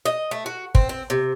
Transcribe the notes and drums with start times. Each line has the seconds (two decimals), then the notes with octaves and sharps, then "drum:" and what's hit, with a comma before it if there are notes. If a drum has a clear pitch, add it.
0.06 D#5
0.31 A3
0.46 F#4
0.75 C4, drum: kick
0.89 C4
1.10 C3